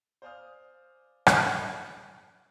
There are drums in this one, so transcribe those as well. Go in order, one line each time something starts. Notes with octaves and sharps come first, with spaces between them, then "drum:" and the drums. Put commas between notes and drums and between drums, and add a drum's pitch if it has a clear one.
C5 D5 F5 G#5 D#6 F6
drum: rim click